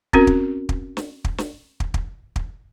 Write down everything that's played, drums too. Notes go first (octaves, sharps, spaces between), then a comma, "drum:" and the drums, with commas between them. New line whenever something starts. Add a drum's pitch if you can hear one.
C4 C#4 F#4 A#4, drum: kick
drum: kick
drum: kick
drum: snare
drum: kick
drum: snare
drum: kick
drum: kick
drum: kick